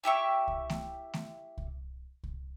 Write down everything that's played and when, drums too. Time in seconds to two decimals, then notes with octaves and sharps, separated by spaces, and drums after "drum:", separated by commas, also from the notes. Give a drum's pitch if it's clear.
0.04 E4 G4 E5 C#6
0.48 drum: kick C2
0.70 drum: snare A3
1.14 drum: snare A3
1.57 drum: kick C2
2.23 drum: kick C2